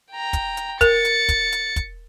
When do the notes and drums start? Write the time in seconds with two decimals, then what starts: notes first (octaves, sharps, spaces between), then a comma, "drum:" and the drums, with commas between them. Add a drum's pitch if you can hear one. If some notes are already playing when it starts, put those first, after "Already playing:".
0.12 G5 A#5
0.33 drum: kick, hi-hat
0.57 drum: hi-hat
0.81 A#4 A6 C#7, drum: kick, hi-hat
1.05 drum: hi-hat
1.29 drum: kick, hi-hat
1.52 drum: hi-hat
1.76 drum: kick, hi-hat